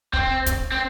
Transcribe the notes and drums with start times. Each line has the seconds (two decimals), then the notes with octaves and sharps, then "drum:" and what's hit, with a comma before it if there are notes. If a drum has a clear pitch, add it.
0.13 C4, drum: kick
0.46 drum: kick, hi-hat
0.72 C4